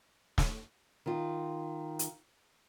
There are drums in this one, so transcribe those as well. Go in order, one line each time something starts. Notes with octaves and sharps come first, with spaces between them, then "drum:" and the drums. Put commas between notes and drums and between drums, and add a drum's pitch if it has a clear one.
drum: snare
D#3 F4
drum: hi-hat